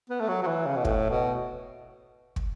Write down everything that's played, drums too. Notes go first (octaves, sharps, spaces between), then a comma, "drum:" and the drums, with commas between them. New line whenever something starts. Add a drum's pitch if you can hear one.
B3
A3
F#3
F#3
E3
C#3
B2
A2, drum: kick
B2
drum: kick